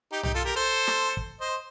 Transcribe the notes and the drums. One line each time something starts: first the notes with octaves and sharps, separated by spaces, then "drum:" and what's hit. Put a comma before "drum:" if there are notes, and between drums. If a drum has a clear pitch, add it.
D#4 G4
D#4 G4, drum: tom
F4 A4
G4 A#4
A4 C5
drum: snare
drum: kick
C5 D#5